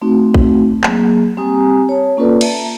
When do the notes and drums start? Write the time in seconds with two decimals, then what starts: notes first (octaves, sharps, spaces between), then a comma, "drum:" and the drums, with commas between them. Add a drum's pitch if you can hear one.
0.01 A3 C4 D#4 F#4
0.34 drum: kick
0.83 F#3 A#3 G#4, drum: clap
1.37 G3 C4 G4 G#5 A#5 D#6
1.89 C#5 A5
2.17 A#3 C#4 F4 A4 B4 D5
2.41 E5 A5 A#5, drum: cymbal